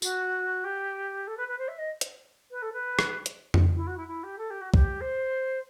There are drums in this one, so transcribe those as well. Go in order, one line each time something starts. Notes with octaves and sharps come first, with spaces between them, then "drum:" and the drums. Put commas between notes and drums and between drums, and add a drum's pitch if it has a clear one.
F#4, drum: tambourine
G4
A4
B4
B4
C5
E5
D#5
drum: hi-hat
B4
A4
B4
drum: rim click
drum: hi-hat
drum: tom F2
E4
F#4
E4
E4
G4
A4
G4
F#4
G4, drum: kick
C5